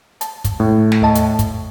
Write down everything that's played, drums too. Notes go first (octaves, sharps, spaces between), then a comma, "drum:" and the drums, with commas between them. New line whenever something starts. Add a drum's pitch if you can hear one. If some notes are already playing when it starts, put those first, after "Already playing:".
A5, drum: hi-hat
drum: kick, hi-hat
A2
drum: snare
D#2 D#5 A5
drum: hi-hat
drum: kick, hi-hat